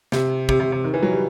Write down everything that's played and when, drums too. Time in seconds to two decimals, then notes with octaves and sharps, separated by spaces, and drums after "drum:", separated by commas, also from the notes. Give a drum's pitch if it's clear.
0.12 C3, drum: snare
0.49 C3, drum: kick
0.60 C3
0.72 C3
0.84 D#3
0.94 E3
1.03 F#3
1.12 G3